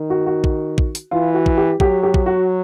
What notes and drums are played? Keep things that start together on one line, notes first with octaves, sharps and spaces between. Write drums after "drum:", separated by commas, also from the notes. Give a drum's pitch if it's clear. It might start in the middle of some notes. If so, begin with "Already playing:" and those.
Already playing: D#3
F#4
F#4
drum: kick
drum: kick
drum: hi-hat
E3 F4
F#4
drum: kick
G4
F#3 G4, drum: kick
G4
drum: kick
F#4